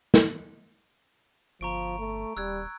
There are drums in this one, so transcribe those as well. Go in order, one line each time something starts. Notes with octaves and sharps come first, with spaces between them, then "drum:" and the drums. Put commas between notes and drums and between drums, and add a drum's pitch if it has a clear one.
drum: snare
G1 F3 A#5 C#6 D7
A3
D#1 G3 E6 F#6 G#6